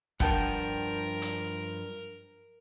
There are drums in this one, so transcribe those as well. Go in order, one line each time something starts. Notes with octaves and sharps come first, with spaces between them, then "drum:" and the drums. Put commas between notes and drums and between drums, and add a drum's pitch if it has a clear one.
G2 F3 A#4 F#5 G5 A5, drum: kick
drum: hi-hat